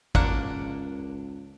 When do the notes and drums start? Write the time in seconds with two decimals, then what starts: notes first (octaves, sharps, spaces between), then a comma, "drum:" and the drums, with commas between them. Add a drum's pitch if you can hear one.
0.15 C#2 A#3 D4 F#5, drum: kick